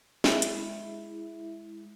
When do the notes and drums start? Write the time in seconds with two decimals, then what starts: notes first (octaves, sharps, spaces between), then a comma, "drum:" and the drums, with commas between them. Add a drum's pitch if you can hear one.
0.24 G#3 E4, drum: snare
0.42 drum: hi-hat